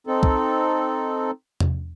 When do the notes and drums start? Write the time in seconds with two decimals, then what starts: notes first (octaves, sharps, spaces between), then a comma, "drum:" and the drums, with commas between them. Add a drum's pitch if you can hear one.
0.07 C4 D#4 A4
0.23 drum: kick C2
1.60 drum: tom E2